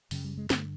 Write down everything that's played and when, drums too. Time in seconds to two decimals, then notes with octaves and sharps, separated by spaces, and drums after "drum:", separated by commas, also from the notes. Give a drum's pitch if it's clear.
0.11 F#2 C#3 F#3, drum: open hi-hat
0.24 G3
0.38 G#3
0.50 G2 D3 A3, drum: snare